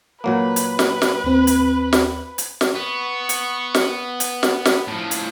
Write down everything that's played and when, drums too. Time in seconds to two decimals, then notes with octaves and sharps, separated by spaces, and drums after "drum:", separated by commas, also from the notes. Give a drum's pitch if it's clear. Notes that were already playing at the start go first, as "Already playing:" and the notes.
0.24 A#2 F#3 A#3 B4
0.56 drum: hi-hat
0.79 drum: snare
1.02 drum: snare
1.24 D#2 C4
1.47 drum: hi-hat
1.93 drum: snare
2.38 drum: hi-hat
2.61 drum: snare
2.75 B3 C#6
3.29 drum: hi-hat
3.74 drum: snare
4.20 drum: hi-hat
4.43 B5, drum: snare
4.65 drum: snare
4.88 A2 F3
5.11 drum: hi-hat